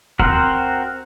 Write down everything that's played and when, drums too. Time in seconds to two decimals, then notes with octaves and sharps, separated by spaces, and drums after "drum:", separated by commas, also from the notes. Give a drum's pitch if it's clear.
0.19 C4 F#4 A#4 C5 F#5, drum: kick D2